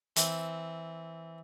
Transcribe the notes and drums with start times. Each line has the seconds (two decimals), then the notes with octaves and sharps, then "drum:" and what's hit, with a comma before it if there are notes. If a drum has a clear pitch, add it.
0.16 E3 C4, drum: hi-hat